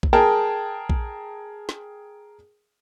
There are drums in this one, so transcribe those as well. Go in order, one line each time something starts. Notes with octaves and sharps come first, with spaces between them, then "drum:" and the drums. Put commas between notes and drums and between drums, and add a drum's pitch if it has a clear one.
drum: kick A#1
G#4 A#4 G5 A5
drum: kick A#1
drum: snare